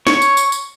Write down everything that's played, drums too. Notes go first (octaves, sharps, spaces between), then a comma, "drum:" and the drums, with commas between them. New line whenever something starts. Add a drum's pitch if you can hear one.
C#5, drum: snare
drum: tambourine
drum: tambourine
drum: tambourine